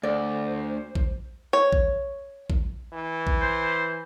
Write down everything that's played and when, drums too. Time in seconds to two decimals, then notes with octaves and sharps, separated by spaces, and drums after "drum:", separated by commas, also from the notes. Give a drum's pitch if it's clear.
0.03 D2 C5 D5
0.95 drum: kick A1
1.53 C#5
1.73 drum: kick A1
2.50 drum: kick A1
2.93 E3
3.27 drum: kick A1
3.42 C5